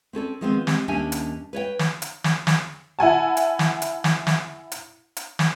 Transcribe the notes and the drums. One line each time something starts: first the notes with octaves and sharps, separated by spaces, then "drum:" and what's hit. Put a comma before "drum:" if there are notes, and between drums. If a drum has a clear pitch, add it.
C4 C#4 A4 D5
D#3 F3 G#3 A3 B3 C4
G3 G#3 C4, drum: snare
D#2 G3 C#4 D4 E5 G#5
drum: hi-hat
B4 C#5 D#5 G5
drum: snare
drum: hi-hat
drum: snare
drum: snare
E4 F#5 G#5 A5
drum: hi-hat
drum: snare
drum: hi-hat
drum: snare
drum: snare
drum: hi-hat
drum: hi-hat
drum: snare